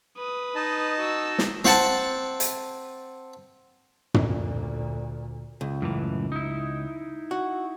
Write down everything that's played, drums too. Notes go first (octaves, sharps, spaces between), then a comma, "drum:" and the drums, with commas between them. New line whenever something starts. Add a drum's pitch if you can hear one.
B4 D#6
D#4 D#5 A5
F#4 E6
drum: snare
C4 F#5 A5, drum: snare
drum: hi-hat
D2 A#2, drum: tom
C#2
F#2 A2 E3
D#4 E4
F#4